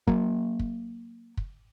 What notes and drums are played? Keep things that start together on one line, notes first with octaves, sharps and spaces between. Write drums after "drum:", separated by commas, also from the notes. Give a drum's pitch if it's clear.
F#3 A#3, drum: kick
drum: kick
drum: kick